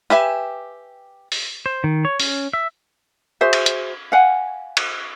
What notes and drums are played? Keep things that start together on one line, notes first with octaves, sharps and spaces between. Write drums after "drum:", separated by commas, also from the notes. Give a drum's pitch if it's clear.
G4 B4 E5 G#5
drum: open hi-hat
C5
D#3
C#5
C#4, drum: open hi-hat
E5
F#4 G#4 C5 E5
drum: cymbal
drum: hi-hat
F5 F#5 G#5
drum: cymbal